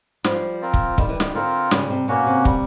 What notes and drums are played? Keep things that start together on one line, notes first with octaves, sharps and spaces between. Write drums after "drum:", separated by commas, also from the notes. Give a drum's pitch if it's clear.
F3 G3, drum: snare
C4 F4 A#4
drum: kick
D#3 G3, drum: kick
E3
D#3, drum: snare
D3 C4 F4 A#4
C#3 G3, drum: snare
C3
B2 A#3 C#4 F#4
C3
G3, drum: kick